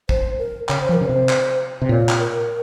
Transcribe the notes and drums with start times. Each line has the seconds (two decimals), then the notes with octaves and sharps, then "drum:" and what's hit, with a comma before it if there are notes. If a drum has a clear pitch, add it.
0.09 C5, drum: kick
0.39 A#4
0.69 C#3 C#5, drum: clap
0.81 C5
0.89 F3
0.93 A#4
1.01 C#3
1.05 C3 C5
1.29 drum: clap
1.82 C3
1.89 A#2 C#5
2.09 drum: clap
2.19 A#4